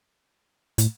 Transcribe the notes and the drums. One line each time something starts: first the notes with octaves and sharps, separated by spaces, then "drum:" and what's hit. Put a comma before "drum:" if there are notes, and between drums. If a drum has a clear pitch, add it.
A2, drum: hi-hat